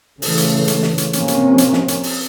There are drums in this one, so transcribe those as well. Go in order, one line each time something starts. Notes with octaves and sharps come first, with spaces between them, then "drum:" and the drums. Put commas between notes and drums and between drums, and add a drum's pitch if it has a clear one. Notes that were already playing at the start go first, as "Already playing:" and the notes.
C#3 E3 A3, drum: open hi-hat
drum: hi-hat
drum: hi-hat
drum: snare
drum: hi-hat
C3 F3 A#3 C#4, drum: hi-hat
drum: hi-hat
drum: hi-hat
drum: snare
drum: hi-hat
drum: open hi-hat